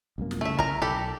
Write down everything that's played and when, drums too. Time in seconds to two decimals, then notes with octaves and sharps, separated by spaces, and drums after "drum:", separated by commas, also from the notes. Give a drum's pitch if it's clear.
0.18 C2 F#2 A#3
0.31 drum: snare
0.41 C#3 A3 E5
0.59 A#4 A#5, drum: kick
0.82 B1 G4 A4 B5